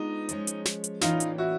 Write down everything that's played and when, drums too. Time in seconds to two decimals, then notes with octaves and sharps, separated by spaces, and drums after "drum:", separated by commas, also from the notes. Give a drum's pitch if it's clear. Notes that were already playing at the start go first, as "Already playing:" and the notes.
Already playing: G#3 B3 D4 D#4 F4
0.29 F3 G#3 C#4, drum: hi-hat
0.47 drum: hi-hat
0.65 drum: snare
0.84 drum: hi-hat
1.01 A2 E3 G3 A#3 C#4 D#4 F4, drum: snare
1.20 drum: hi-hat
1.38 E4 F#4